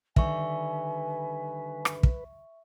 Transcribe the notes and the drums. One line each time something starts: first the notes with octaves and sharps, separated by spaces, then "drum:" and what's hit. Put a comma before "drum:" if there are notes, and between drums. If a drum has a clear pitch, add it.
D3 D#3 G3 B4 E5 G#5 C#6, drum: kick
drum: rim click
drum: kick